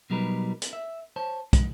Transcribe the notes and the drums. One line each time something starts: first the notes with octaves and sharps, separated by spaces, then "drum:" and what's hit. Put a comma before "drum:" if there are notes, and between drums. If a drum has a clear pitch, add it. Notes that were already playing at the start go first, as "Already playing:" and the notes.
B2 F#3 G3 D#4 A#4 B4
drum: hi-hat
E5
C5 C#5 A5
G#3, drum: kick, hi-hat